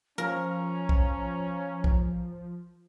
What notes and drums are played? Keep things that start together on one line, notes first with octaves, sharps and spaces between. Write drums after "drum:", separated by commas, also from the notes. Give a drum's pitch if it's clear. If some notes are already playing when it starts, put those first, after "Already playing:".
F3 C#4 A#4 A#5
drum: kick
drum: kick